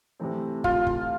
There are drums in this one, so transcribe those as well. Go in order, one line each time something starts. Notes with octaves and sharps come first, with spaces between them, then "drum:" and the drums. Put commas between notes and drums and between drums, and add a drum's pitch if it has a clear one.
C3 E3 A3 C4
F4, drum: kick
drum: kick